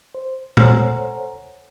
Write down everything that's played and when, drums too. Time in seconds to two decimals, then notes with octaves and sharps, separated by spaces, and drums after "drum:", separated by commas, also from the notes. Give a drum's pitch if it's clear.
0.15 C5
0.57 A4 C5 C#5 F#5 G#5 A#5, drum: tom A#2